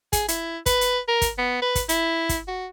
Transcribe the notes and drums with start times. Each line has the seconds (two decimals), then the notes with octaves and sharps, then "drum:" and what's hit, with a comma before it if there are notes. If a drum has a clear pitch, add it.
0.13 G#4, drum: kick, hi-hat
0.28 E4, drum: hi-hat
0.66 B4, drum: kick, hi-hat
0.81 drum: hi-hat
1.08 A#4
1.22 drum: kick, hi-hat
1.38 B3
1.62 B4
1.75 drum: kick, hi-hat
1.89 E4, drum: hi-hat
2.29 drum: kick, hi-hat
2.47 F#4